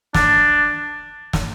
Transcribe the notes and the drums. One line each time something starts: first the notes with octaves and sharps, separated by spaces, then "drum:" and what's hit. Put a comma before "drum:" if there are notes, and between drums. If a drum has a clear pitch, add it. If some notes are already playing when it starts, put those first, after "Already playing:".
D4, drum: snare
drum: snare